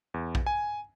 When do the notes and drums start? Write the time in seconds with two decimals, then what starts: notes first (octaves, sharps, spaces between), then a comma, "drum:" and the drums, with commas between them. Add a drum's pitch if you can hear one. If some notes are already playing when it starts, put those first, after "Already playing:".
0.14 E2
0.35 drum: kick A#1
0.46 G#5